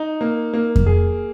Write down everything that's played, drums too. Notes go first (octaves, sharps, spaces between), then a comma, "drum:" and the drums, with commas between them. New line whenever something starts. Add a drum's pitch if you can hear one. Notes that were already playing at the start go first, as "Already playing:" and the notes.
Already playing: D#4
A#3
A#3
drum: kick F2
G#4